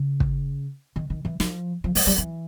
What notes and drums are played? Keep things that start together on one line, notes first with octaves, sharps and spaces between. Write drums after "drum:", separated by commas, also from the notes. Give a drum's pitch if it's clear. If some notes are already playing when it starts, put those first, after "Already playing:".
Already playing: C#3
drum: kick
D#3
D#3
E3
F3, drum: snare
F3
G#3, drum: open hi-hat
G3
E3